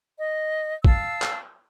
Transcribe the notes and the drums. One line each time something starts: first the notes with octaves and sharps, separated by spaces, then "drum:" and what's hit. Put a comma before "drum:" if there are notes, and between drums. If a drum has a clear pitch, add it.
D#5
F5 A5 E6, drum: kick
drum: clap